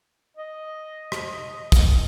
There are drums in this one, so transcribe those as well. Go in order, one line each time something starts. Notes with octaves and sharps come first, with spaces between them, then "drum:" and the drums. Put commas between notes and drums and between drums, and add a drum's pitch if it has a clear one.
D#5
drum: rim click
drum: kick, hi-hat